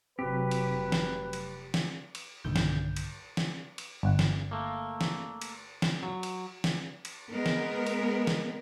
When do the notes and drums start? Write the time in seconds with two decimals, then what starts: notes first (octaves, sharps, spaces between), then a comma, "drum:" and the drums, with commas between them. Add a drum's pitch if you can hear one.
0.19 F1 F#3 C4 F#4 G4 B4
0.51 drum: cymbal
0.92 drum: snare
1.33 drum: cymbal
1.74 drum: snare
2.15 drum: cymbal
2.45 B1 G2 A#2 D3 D#3 G6
2.56 drum: snare
2.96 drum: cymbal
3.37 drum: snare
3.78 drum: cymbal
4.03 G1 F#5
4.19 drum: snare
4.51 A3 A#3
5.01 drum: snare
5.41 drum: cymbal
5.82 drum: snare
6.03 F#3
6.23 drum: cymbal
6.64 drum: snare
7.05 drum: cymbal
7.30 G#3 B3 A#4
7.46 drum: snare
7.87 drum: cymbal
8.27 drum: snare